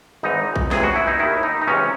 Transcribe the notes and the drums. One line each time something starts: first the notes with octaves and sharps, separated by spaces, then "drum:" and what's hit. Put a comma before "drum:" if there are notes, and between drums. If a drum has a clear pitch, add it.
G#1 G#2 E3 D#4
drum: kick A#1
C#2 C3 E3 G#4, drum: snare
F#4
E4
D#4
D#2 D#3 E4
D#4
D#4
C#2 C3 E3 C#4